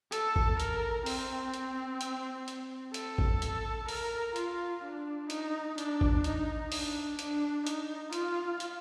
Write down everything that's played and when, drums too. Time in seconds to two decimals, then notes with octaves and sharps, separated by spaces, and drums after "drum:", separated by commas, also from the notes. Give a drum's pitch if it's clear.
0.12 A4, drum: hi-hat
0.36 drum: kick A1
0.60 A#4, drum: hi-hat
1.06 C4, drum: open hi-hat
1.54 drum: hi-hat
2.01 drum: hi-hat
2.48 drum: hi-hat
2.94 A4, drum: hi-hat
3.18 drum: kick A1
3.42 drum: hi-hat
3.88 A#4, drum: open hi-hat
4.36 F4, drum: hi-hat
4.84 D4
5.30 D#4, drum: hi-hat
5.78 D4, drum: hi-hat
6.01 drum: kick A1
6.24 D#4, drum: hi-hat
6.72 D4, drum: open hi-hat
7.19 D4, drum: hi-hat
7.67 D#4, drum: hi-hat
8.13 F4, drum: hi-hat
8.60 drum: hi-hat